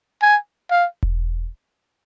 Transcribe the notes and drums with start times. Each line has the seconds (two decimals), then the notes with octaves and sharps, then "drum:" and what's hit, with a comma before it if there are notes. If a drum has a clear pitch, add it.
0.22 G#5
0.71 F5
1.03 drum: kick E1